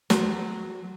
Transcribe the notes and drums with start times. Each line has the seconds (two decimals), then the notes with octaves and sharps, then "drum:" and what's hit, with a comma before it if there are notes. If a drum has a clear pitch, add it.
0.10 F#3, drum: snare